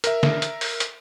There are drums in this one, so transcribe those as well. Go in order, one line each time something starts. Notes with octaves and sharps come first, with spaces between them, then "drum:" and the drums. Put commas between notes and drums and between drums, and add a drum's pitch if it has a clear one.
A#4 E5, drum: hi-hat
drum: snare
drum: hi-hat
drum: open hi-hat
drum: hi-hat